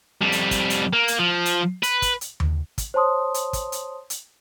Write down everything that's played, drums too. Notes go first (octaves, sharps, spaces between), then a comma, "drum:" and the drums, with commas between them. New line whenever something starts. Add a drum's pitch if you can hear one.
F2 G3
drum: hi-hat
drum: kick, hi-hat
drum: hi-hat
A#3
drum: hi-hat
F3
drum: hi-hat
B4, drum: hi-hat
drum: kick, hi-hat
drum: hi-hat
drum: tom D#2
drum: kick, hi-hat
C5 C#5 A5 C6 D#6
drum: hi-hat
drum: kick, hi-hat
drum: hi-hat
drum: hi-hat